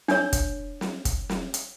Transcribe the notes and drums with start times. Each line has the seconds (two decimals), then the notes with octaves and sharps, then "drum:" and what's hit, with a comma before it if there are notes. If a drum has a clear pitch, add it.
0.08 D4 C#5, drum: snare
0.33 drum: kick, hi-hat
0.81 drum: snare
1.05 drum: kick, hi-hat
1.29 drum: snare
1.54 drum: hi-hat